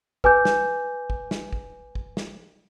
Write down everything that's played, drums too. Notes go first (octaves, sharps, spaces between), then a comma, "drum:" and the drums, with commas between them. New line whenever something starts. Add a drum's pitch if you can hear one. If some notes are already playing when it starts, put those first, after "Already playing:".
B4 G#5 D6 G6, drum: kick
drum: snare
drum: kick
drum: snare
drum: kick
drum: kick
drum: snare